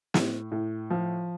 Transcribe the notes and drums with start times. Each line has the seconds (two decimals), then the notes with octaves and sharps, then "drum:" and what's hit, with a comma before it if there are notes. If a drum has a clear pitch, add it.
0.14 A2, drum: snare
0.52 A2
0.90 F3